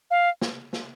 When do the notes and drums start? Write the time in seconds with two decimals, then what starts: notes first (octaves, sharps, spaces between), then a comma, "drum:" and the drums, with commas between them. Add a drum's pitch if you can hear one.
0.11 F5
0.41 drum: snare
0.73 drum: snare